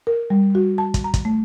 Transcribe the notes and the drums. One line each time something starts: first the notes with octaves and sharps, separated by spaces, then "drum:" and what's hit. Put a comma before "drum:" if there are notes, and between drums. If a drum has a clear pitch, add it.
A#4
G3
F#4
A5
drum: kick, hi-hat
A#5
drum: kick, hi-hat
A3